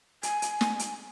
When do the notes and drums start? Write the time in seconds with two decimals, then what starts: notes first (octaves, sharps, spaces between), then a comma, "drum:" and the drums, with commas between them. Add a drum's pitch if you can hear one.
0.23 G#5, drum: hi-hat
0.42 drum: hi-hat
0.61 drum: snare
0.79 drum: hi-hat